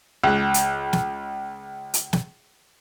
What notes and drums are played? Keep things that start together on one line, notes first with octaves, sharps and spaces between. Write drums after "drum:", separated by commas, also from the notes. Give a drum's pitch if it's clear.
C#2 F#6
drum: hi-hat
drum: snare
drum: hi-hat
drum: snare